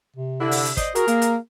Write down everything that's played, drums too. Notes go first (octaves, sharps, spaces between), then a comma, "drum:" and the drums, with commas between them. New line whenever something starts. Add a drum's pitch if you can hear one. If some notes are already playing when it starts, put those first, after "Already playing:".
C3
D3 E4
drum: open hi-hat
drum: hi-hat
C5 D5 D#5, drum: kick, hi-hat
F#4 G#4 A#4, drum: hi-hat
A#3, drum: hi-hat
drum: hi-hat